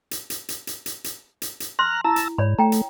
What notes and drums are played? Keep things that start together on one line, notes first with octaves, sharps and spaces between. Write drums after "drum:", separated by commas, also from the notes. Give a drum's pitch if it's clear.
drum: hi-hat
drum: hi-hat
drum: hi-hat
drum: hi-hat
drum: hi-hat
drum: hi-hat
drum: hi-hat
drum: hi-hat
A#5 C6 F6 F#6
E4 A5 A#5 E6
drum: hi-hat
G#2 C#5 D5 B5
A3 G5 A#5
drum: hi-hat